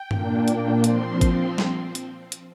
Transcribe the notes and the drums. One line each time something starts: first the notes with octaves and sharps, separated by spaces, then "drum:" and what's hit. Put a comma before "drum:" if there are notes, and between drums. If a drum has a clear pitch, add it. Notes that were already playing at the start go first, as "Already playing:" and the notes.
Already playing: G5
A#2 A#3 D4, drum: tom G2
drum: hi-hat
F3 C4 C6, drum: hi-hat
drum: kick G#1, hi-hat
drum: snare
drum: hi-hat
drum: hi-hat